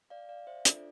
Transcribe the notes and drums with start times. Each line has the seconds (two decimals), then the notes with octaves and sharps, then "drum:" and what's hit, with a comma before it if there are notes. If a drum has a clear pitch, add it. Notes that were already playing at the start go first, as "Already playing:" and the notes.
0.10 D5 F5
0.29 D5 F5
0.47 C5 E5
0.65 D4 F4 A4 D5, drum: hi-hat